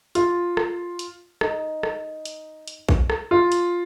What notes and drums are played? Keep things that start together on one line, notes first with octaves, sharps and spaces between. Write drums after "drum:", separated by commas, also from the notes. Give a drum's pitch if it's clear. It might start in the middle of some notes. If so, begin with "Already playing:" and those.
F4, drum: hi-hat
drum: rim click
drum: hi-hat
D#4, drum: rim click
drum: rim click
drum: hi-hat
drum: hi-hat
drum: kick
drum: rim click
F4
drum: hi-hat